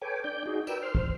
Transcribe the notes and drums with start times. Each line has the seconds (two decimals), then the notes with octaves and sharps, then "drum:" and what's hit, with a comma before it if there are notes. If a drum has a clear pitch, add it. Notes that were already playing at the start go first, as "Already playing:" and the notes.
0.02 A4 B4 C#5 G5 G#5 D6
0.24 D4 D5 G5 G6
0.46 D#4 F#4 G#4
0.67 A#4 B4 D5 G5 E6, drum: tambourine
0.82 C5 C6 F6
0.95 drum: kick